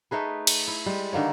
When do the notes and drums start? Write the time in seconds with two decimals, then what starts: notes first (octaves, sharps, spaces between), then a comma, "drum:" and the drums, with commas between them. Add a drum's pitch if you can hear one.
0.11 A3 D#4 G#4 B4
0.47 drum: cymbal
0.68 E4
0.86 G3 G#3
1.13 D3 D#3 A#3 C#5